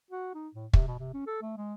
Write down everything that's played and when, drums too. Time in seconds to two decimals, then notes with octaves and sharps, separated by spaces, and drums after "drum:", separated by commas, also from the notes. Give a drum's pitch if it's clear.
0.11 F#4
0.34 D#4
0.54 A2
0.73 C3, drum: kick
0.87 B2
0.99 C3
1.14 C#4
1.27 A4
1.42 A3
1.57 G#3